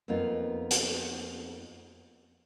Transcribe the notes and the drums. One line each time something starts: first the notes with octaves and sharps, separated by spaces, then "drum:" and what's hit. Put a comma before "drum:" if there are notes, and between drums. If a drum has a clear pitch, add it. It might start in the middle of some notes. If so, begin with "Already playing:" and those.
F2 A#3 B3 D#4 F4
drum: hi-hat